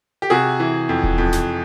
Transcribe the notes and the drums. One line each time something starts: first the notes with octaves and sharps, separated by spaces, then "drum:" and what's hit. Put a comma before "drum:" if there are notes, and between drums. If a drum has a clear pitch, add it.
G4
C3 F#4 G#4
E3
F2
drum: kick D#1
F2
drum: snare